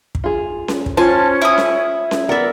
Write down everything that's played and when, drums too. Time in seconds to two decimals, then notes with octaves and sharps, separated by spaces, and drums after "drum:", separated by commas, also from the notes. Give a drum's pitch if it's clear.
0.15 drum: kick
0.24 F4 G#4
0.68 drum: snare C#4
0.86 drum: kick
0.97 C#4 F4 C5 G#5 A5
1.42 E4 D#6
1.58 drum: snare C#4
2.11 drum: snare C#4
2.29 B3 A#4 D5 E5 F#5